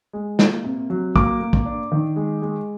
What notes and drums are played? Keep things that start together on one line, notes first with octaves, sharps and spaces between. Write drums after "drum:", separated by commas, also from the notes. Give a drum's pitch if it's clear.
G#3
A#3, drum: snare
C3
F#3
A#3 D6, drum: kick
A#3
drum: kick
D4
D#3
G#3
G#3